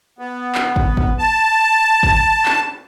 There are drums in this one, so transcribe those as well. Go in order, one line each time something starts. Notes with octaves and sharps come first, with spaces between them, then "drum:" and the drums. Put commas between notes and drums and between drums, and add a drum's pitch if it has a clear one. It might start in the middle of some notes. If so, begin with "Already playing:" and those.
B3
drum: clap
drum: kick
drum: kick
A5
drum: kick
drum: clap